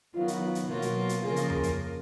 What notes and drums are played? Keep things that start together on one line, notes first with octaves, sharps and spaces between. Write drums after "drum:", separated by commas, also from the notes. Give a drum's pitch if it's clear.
D#3 F#3 B3 F4
drum: hi-hat
drum: hi-hat
B2 F#3 A#3 F4 F#4
drum: hi-hat
drum: hi-hat
C#3 F3 A#3 F4 G#4 A#4
drum: hi-hat
drum: tom F2
drum: hi-hat